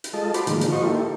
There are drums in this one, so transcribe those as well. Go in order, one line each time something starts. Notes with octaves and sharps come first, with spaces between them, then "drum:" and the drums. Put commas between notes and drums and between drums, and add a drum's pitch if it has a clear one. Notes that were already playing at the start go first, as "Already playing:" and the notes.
drum: hi-hat
G#3 F4 A4 D#5 A5
F#4 C5 B5 D6, drum: hi-hat
A2 D3 D#3 F3 G#3 A#3, drum: hi-hat
drum: hi-hat
F4 F#4 C5 D#5 C#6
A#3 D#4 E4 G4 A4